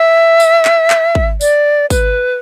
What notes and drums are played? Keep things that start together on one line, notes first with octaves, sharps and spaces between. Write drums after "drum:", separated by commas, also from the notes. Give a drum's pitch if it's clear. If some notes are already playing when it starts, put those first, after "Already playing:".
Already playing: E5
drum: tambourine
drum: clap
drum: clap
drum: kick
D5, drum: tambourine
B4, drum: kick, tambourine